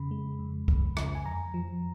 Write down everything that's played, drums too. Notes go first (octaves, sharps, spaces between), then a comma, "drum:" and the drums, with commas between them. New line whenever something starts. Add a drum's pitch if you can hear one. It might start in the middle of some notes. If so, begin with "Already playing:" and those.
Already playing: F2 C#3 B5
G#3
F2
F2, drum: kick C2
C#3, drum: rim click
G#5
F2 A#5
F3